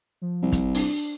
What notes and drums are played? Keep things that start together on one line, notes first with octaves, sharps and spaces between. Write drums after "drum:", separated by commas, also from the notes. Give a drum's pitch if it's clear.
F3
C2
drum: kick, hi-hat
D4, drum: open hi-hat